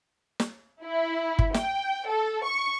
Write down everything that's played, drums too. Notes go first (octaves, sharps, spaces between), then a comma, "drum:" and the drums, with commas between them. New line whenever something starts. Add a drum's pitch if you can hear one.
drum: snare
E4
drum: kick
G5, drum: snare
A4
C#6